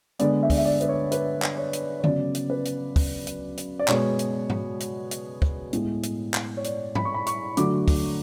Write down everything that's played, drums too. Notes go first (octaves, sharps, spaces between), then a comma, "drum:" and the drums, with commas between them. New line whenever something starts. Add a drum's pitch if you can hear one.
D3 G#3 B3 D5, drum: hi-hat
E5
D5, drum: kick, open hi-hat
E5
D5
B4, drum: hi-hat
C#5
B4, drum: hi-hat
drum: clap
C#5
drum: hi-hat
C#5
C#3 F#3 B3 D5, drum: tom D3
drum: hi-hat
B4
drum: hi-hat
drum: kick, open hi-hat
drum: hi-hat
drum: hi-hat
D5
B2 G#3 B3 C#5, drum: clap
drum: hi-hat
drum: tom G#2
drum: hi-hat
drum: hi-hat
drum: kick
A2 G#3 B3, drum: hi-hat
drum: hi-hat
drum: clap
C#5
D5, drum: hi-hat
B5, drum: tom G#2
C#6
B5
C#6, drum: hi-hat
D3 F#3 A3 D6, drum: hi-hat
drum: kick, open hi-hat